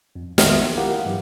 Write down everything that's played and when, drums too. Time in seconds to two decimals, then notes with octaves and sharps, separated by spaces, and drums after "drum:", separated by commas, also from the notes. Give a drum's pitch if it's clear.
0.15 F2
0.38 B1 D#3 B3 E5 G5 F6, drum: snare
0.57 F4
0.77 E4 G4 A#4 F5 F#5
1.05 G2 E3 F#3